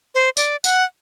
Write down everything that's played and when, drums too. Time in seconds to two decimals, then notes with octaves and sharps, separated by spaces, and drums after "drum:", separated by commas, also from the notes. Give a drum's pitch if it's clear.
0.15 C5
0.37 D5, drum: tambourine
0.64 F#5, drum: tambourine